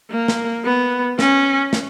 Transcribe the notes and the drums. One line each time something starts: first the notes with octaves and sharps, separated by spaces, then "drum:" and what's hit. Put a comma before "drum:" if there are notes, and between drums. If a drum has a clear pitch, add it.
A#3
drum: snare
B3
C#4, drum: snare
drum: snare